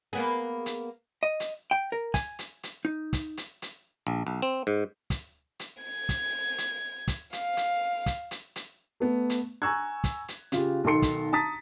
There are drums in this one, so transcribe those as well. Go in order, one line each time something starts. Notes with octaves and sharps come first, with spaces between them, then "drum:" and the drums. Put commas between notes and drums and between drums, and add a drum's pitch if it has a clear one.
A#3 B3 G#4
drum: hi-hat
D#5
drum: hi-hat
G5
A#4
G#5, drum: kick, hi-hat
drum: hi-hat
drum: hi-hat
D#4
drum: kick, hi-hat
drum: hi-hat
drum: hi-hat
A#1
B1
C4
G#2
drum: kick, hi-hat
drum: hi-hat
G#6
drum: kick, hi-hat
drum: hi-hat
drum: kick, hi-hat
F5, drum: hi-hat
drum: hi-hat
drum: kick, hi-hat
drum: hi-hat
drum: hi-hat
A3 B3
drum: hi-hat
G#5 A#5 C#6 E6 F#6 G#6
drum: kick, hi-hat
drum: hi-hat
C#3 F4 G4, drum: hi-hat
B1 D#3 A4 C6 C#7
drum: kick, hi-hat
A5 A#5 D#6 A6 B6